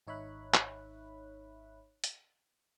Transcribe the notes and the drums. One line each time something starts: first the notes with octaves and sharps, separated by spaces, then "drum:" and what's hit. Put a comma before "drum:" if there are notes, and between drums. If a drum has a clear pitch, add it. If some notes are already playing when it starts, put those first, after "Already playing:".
G#1 D#4 C#5 E5 B5 F#6
drum: clap
drum: hi-hat